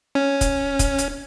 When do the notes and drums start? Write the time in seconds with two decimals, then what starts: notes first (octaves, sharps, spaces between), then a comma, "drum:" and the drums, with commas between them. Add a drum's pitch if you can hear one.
0.15 C#4
0.41 drum: kick, hi-hat
0.79 drum: kick, hi-hat
0.98 drum: hi-hat